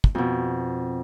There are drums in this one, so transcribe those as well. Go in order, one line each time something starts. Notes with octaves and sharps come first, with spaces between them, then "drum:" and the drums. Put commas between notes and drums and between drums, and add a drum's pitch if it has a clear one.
drum: kick
F2 B2